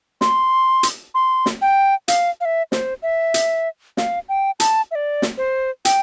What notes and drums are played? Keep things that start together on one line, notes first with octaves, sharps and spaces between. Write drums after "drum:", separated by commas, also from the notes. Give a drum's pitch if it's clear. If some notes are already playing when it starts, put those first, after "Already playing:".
C6, drum: snare
drum: hi-hat
C6
drum: snare
G5
F5, drum: hi-hat
F5
E5
C5, drum: snare
E5
drum: hi-hat
F5, drum: snare
G5
A5, drum: hi-hat
E5
D5
drum: snare
C5
G5, drum: hi-hat